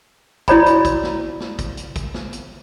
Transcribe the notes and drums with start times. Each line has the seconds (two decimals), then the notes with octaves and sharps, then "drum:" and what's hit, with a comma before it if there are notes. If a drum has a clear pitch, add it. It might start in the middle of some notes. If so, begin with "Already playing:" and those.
0.48 E4 F#4 C#5 D5 A#5 B5, drum: kick, hi-hat
0.66 drum: hi-hat
0.85 drum: kick, hi-hat
1.03 drum: snare
1.40 drum: snare
1.59 drum: kick, hi-hat
1.77 drum: hi-hat
1.96 drum: kick, hi-hat
2.14 drum: snare
2.33 drum: hi-hat